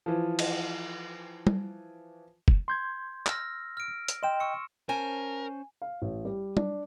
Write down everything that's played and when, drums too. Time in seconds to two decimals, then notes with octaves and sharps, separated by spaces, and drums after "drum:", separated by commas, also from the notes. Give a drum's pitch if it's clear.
0.06 E3 F3
0.39 drum: cymbal
1.47 drum: tom
2.48 drum: kick
2.68 C6 G6 G#6
3.27 E6 F6 A#6, drum: clap
3.77 F6 D7
4.08 drum: hi-hat
4.23 D#5 G5 C6 E7
4.40 C#6 E6 C#7
4.89 C#4 A#4 C5 G#5 A5
5.82 F5
6.02 A1
6.25 G3
6.57 D4, drum: tom